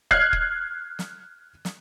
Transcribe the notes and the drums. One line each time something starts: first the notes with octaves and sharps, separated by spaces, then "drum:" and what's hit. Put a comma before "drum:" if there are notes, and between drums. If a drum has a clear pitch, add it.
F6 F#6 G#6 C7, drum: kick
drum: kick
drum: snare
drum: snare